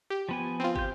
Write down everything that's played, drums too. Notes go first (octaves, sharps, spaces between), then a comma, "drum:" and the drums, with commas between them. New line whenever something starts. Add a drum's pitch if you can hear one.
G4
F3 B3 G#5
C4 F4
G4 G6, drum: kick